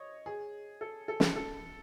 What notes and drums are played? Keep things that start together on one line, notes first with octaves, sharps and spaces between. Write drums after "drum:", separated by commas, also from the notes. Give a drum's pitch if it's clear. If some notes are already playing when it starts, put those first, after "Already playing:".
Already playing: C#5 D#5
G#4
A4
A4
drum: snare
A4